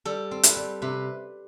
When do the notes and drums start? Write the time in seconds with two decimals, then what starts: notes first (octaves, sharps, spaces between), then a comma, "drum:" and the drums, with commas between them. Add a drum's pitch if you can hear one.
0.05 G3 A4
0.31 C4
0.43 B4, drum: hi-hat
0.57 G3
0.82 C3 B4